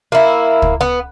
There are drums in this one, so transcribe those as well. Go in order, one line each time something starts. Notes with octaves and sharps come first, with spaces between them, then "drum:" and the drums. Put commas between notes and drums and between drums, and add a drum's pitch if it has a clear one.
A#3 E4
drum: kick
B3